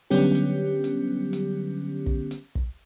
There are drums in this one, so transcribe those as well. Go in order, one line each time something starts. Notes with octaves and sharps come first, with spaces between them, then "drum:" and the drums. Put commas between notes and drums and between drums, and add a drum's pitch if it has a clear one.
D3 F#3 G3 B3 C#4 G4
drum: hi-hat
drum: hi-hat
drum: hi-hat
drum: kick
drum: hi-hat
drum: kick